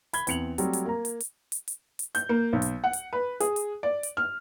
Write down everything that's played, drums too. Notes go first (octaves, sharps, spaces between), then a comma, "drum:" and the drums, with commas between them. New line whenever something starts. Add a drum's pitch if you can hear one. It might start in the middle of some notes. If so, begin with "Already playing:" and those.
B5 G#6 G7, drum: hi-hat
E2 C4 C#7 F7 F#7, drum: hi-hat
F#3 G3 A3 C4, drum: hi-hat
drum: hi-hat
A#3 A#5
drum: hi-hat
drum: hi-hat
drum: hi-hat
drum: hi-hat
drum: hi-hat
G6, drum: hi-hat
A#3
B1
drum: hi-hat
F#5
drum: hi-hat
B4
G#4, drum: hi-hat
drum: hi-hat
D5
drum: hi-hat
F6